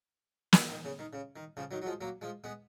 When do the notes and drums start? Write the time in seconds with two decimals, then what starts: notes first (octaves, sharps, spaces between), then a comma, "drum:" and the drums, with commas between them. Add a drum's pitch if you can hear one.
0.53 drum: snare
0.70 D#3
0.85 C#3
0.99 D#3
1.13 C#3
1.36 D#3
1.57 C#3 F3
1.71 D#3 F#3
1.82 F#3
1.86 F3 G#3
2.01 F#3 A#3
2.21 F3 G#3
2.44 G#3 B3